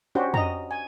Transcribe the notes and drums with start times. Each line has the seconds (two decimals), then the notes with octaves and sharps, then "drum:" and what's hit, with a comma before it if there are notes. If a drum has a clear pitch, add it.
0.15 C#4 D4 F#4 G4 C5
0.34 D#5 A#5, drum: tom F2
0.71 G#5